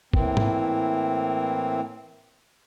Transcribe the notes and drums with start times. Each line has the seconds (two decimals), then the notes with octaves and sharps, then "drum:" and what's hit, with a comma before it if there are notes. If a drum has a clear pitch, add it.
0.13 A2 E3 A#3 C4, drum: kick
0.37 drum: tom